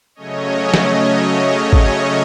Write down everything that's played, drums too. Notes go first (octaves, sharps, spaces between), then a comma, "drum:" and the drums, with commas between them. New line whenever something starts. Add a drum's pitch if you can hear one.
C#3 F#3 A3 C#4 C#5 D#5
C#5 D#5, drum: snare
drum: kick
C#5 D#5